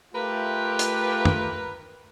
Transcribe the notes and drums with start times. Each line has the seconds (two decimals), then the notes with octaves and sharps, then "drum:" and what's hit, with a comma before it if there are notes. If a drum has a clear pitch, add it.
0.15 A3 F4 G4 A#4 B4
0.79 drum: hi-hat
1.25 drum: tom